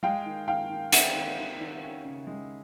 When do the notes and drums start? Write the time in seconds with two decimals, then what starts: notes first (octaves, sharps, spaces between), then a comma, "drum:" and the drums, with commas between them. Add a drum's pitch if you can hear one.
0.03 G#3 F5 G5
0.25 D#3
0.47 D#3 F5 G5
0.70 D#3
0.92 C4 E5 F#5, drum: hi-hat
1.16 D#3
1.38 D#3
1.60 D#3
1.83 C#4
2.05 C#3
2.27 G#3